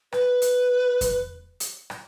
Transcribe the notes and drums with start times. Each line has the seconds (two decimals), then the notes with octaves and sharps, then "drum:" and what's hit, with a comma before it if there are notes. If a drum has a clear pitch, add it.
0.12 B4, drum: rim click
0.42 drum: hi-hat
1.01 drum: kick F2, hi-hat
1.60 drum: hi-hat
1.90 drum: rim click